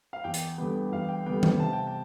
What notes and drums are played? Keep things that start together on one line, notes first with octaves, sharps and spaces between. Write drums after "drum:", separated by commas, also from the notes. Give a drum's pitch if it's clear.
F5
E2 G5
drum: hi-hat
D3 G3 B3
E2 F5
G5
D3 G3 B3 G5
G5, drum: tom D#3
C3 A5
G5
A5